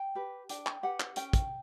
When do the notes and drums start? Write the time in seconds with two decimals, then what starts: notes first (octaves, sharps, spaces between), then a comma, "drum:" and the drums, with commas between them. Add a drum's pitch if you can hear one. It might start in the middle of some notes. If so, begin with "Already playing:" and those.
Already playing: G5
0.15 G4 B4
0.49 D4 G5, drum: hi-hat
0.66 drum: clap
0.83 G4 B4 F#5
1.00 drum: clap
1.16 C#4 G5, drum: hi-hat
1.33 drum: kick, hi-hat